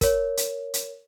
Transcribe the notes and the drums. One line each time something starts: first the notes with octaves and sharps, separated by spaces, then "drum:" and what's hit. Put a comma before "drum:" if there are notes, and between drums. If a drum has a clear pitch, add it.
A#4 C#5, drum: kick, hi-hat
drum: hi-hat
drum: hi-hat